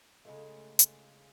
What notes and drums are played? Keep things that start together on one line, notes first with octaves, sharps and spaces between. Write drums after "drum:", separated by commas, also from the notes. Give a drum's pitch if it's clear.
C#3 G#3 A3 F4
drum: hi-hat